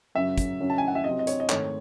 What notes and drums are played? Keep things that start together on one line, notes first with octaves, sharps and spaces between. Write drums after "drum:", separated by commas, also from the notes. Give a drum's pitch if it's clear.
F#2 C#3 F#3 E5
drum: kick, hi-hat
F#2 C#3 F#3 C#4
A5
G#5
F#5
E5
C3 F#3 C4 D#5
D#5
C#5, drum: hi-hat
D#5
G#2 D#3 A3 C4 C#5, drum: clap